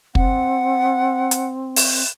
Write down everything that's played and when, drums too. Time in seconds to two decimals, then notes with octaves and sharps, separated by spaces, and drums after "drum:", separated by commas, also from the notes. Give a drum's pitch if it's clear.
0.15 C4 F#5, drum: kick
1.31 drum: hi-hat
1.76 drum: open hi-hat